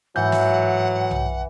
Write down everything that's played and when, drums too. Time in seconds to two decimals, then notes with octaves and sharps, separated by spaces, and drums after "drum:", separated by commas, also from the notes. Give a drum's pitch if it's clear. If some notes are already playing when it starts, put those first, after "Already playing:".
0.16 G#2 E3 F#3 F#5 G6
0.32 drum: snare
1.11 drum: tom B1